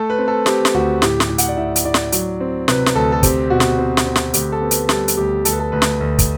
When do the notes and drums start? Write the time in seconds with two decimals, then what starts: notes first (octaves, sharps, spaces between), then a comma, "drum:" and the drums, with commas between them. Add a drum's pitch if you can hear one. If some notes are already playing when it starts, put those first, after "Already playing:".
Already playing: A3 A4
0.10 B4
0.18 C4
0.28 A4
0.46 C4 G4, drum: snare
0.65 drum: snare
0.74 D2 F#4
1.02 A2 G4, drum: snare
1.20 G4, drum: snare
1.29 A2
1.38 F#5, drum: hi-hat
1.49 D5
1.57 A2 E5
1.76 drum: hi-hat
1.85 A2 D5
1.94 drum: snare
2.12 F#3, drum: hi-hat
2.41 C4
2.68 C3 B4, drum: snare
2.86 drum: snare
2.95 D2 A4
3.12 A4
3.23 C4 G4, drum: kick, hi-hat
3.50 B2 F#4
3.60 drum: snare
3.78 C4
3.97 drum: snare
4.06 C4
4.16 drum: snare
4.34 D2 G4, drum: hi-hat
4.52 A4
4.61 B3
4.71 B4, drum: hi-hat
4.89 G3 A4, drum: snare
5.08 drum: hi-hat
5.17 D2 G4
5.45 D2 A4, drum: hi-hat
5.52 B4
5.60 A4
5.72 D2 B4
5.82 drum: snare
6.00 D2
6.19 drum: kick, hi-hat